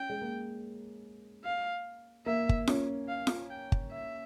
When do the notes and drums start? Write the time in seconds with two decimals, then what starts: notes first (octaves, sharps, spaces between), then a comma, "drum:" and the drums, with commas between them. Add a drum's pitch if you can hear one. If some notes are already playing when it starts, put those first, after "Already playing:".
Already playing: C#4 G5
0.10 G#3
0.21 A#3
1.45 F5
2.26 A#3 E5
2.49 drum: kick G1
2.67 C#4, drum: snare F4
3.08 F5
3.27 drum: snare F4
3.50 G5
3.72 drum: kick G1
3.91 E5